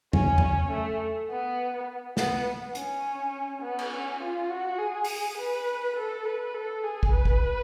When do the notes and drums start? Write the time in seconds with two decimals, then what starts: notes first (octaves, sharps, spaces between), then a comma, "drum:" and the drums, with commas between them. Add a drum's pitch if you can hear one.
0.13 C#4, drum: tom E2
0.38 drum: tom E2
0.71 A3
1.30 B3
2.17 B3, drum: snare
2.75 C#4, drum: hi-hat
3.62 B3
3.79 drum: cymbal
3.92 C#4
4.20 F4
4.50 F#4
4.79 G#4
5.04 drum: open hi-hat
5.37 B4
5.96 A4
6.25 B4
6.54 A4
6.83 G#4
7.03 drum: kick
7.12 B4
7.25 drum: kick